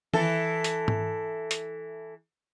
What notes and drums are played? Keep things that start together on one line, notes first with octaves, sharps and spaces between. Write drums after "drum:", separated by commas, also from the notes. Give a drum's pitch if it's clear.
E3 A4, drum: tom D#3
drum: hi-hat
drum: tom G#2
drum: hi-hat